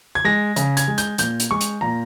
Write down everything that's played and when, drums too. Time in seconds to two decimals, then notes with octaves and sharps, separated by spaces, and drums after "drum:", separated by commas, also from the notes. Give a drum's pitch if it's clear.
0.15 G#6
0.24 G#3 A#6
0.56 C#3, drum: hi-hat
0.77 G#6, drum: hi-hat
0.88 G#3
0.98 G6, drum: hi-hat
1.18 A#2 G6, drum: hi-hat
1.40 drum: hi-hat
1.51 G#3 C#6
1.61 drum: hi-hat
1.81 A#2 A#5